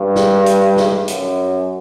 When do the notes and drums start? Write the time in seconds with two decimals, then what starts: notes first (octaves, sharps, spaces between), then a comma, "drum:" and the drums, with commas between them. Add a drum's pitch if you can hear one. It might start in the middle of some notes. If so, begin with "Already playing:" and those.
Already playing: G2
0.16 drum: snare
0.46 drum: hi-hat
0.77 drum: snare
1.08 F#2, drum: hi-hat